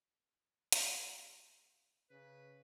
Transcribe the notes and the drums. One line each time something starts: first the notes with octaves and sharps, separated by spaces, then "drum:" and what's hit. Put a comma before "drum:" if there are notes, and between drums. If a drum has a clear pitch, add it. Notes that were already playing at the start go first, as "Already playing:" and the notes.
drum: hi-hat
C#3 B4